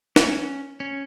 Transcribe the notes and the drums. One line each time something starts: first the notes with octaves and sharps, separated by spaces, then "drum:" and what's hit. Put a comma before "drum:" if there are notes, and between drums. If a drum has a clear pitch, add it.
C#4, drum: snare
C#4